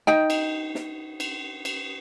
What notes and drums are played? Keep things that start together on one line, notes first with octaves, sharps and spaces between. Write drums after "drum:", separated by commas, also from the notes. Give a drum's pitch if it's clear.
D#4 G5
drum: cymbal
drum: snare
drum: cymbal
drum: cymbal